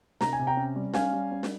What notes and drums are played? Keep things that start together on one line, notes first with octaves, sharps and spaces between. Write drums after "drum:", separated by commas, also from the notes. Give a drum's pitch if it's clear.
C3 A#5, drum: snare
G#5
C3
G5 A#5
C#4
G3
C#4 F5 G#5, drum: snare
G3
C#4
drum: snare